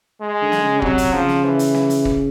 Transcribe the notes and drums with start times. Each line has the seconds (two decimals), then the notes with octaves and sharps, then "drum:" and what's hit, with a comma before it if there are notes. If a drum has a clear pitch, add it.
0.21 G#3
0.42 D3
0.52 drum: snare
0.62 C#3
0.82 C3 F#3, drum: kick
0.98 drum: kick, hi-hat
1.13 C#3 F3
1.29 drum: snare
1.44 E3
1.59 drum: hi-hat
1.75 drum: snare
1.90 drum: hi-hat
2.05 drum: kick